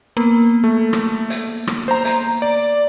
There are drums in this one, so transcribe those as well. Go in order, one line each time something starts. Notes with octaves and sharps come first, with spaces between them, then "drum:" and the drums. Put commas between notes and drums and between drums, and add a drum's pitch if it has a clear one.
A#3 B3
A3
drum: rim click
drum: hi-hat
drum: rim click
C5 A#5
drum: hi-hat
D5